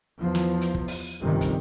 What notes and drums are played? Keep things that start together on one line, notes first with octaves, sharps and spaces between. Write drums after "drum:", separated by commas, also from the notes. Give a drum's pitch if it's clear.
E2 F3
drum: snare
drum: hi-hat
drum: kick
drum: open hi-hat
G1 F2 C3 D#3 G3
drum: kick, hi-hat